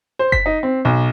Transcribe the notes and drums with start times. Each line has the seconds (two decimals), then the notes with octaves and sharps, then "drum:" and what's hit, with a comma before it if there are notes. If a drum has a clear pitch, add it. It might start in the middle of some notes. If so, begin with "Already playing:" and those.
0.19 C5
0.32 B6, drum: kick F#1
0.46 D#4
0.63 C4
0.85 B1